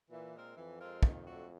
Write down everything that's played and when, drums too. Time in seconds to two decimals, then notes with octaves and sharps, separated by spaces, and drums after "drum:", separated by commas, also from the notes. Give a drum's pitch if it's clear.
0.10 A#2 E3
0.33 G#3 C4 F4 A#4
0.56 F2 E3
0.79 G#3 C4 F4 A#4
1.03 D#3, drum: kick
1.25 F#3 A3 D4 F#4